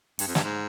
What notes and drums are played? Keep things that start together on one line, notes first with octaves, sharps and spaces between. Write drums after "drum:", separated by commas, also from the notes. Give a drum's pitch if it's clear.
G2, drum: open hi-hat
F2
G2, drum: snare
G#2